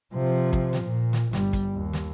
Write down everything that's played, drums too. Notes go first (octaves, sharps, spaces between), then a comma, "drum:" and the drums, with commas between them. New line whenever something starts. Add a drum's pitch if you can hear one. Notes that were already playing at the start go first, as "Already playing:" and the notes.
C3 F3
drum: kick
drum: snare
A#2
drum: snare
G1 G3, drum: snare
drum: kick, hi-hat
D#2
drum: snare